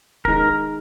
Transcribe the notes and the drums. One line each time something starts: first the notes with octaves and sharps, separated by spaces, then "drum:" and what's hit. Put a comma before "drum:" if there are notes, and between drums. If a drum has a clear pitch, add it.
D#3 G#3 A#4, drum: kick